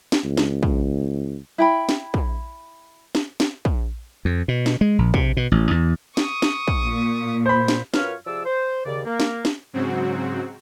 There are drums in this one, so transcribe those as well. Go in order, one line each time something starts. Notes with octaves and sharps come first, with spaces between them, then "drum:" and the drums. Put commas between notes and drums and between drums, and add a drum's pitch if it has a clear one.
drum: snare
C#2
drum: snare
drum: kick
E4 G5 B5
drum: snare
drum: kick
drum: snare
drum: snare
drum: kick
F2
B2
drum: snare
G#3
A#1
C3, drum: kick
B2
A1
E2
C#6 D#6, drum: snare
drum: snare
drum: kick
A#2
C5 B5
drum: snare
F#2 F4 A#4 B4 C#5 F6, drum: snare
C3 F3 G#4 D5 E6
C5
D#2 C#3 D5
A#3
drum: snare
drum: snare
G#2 C#3 F#3 C4 F#4